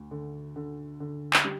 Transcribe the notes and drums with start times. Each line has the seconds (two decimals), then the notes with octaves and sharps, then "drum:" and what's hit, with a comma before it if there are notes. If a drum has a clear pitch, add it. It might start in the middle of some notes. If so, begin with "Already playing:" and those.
Already playing: D2
0.11 D3
0.56 D3
1.00 D3
1.33 drum: clap
1.44 G3